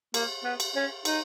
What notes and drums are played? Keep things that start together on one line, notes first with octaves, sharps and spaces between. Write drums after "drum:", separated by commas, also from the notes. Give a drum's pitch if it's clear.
A#3, drum: cymbal
B3
drum: cymbal
C#4
D#4, drum: cymbal